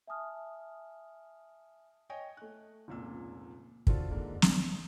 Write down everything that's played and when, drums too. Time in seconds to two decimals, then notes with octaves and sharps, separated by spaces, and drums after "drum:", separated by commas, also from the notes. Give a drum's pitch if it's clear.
0.07 E5 G#5 A5 D#6 F6
2.10 C#5 D#5 G5 G#5
2.37 A3 F#6
2.88 F1 C#2 A#2 E6
3.87 D4 F4 F#4 A4 C5, drum: kick
4.11 G#2 D3 G#3 A#3 D4
4.42 G2, drum: snare